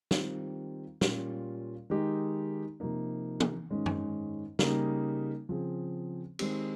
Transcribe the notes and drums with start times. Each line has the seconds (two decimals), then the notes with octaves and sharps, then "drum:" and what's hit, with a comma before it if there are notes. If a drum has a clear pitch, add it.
0.11 D#3 G3 C4 F4, drum: snare
1.01 A#2 G3 C#4 F4, drum: snare
1.90 D#3 G#3 D#4 G4
2.80 C3 F3 A#3 D#4
3.40 drum: tom
3.70 G#2 D#3 G#3 C#4
3.86 drum: tom F#2
4.59 C#3 G3 A#3 D#4, drum: snare
5.49 C#3 F3 C4 F4 G#4
6.39 D#3 G#3 C4 G4, drum: cymbal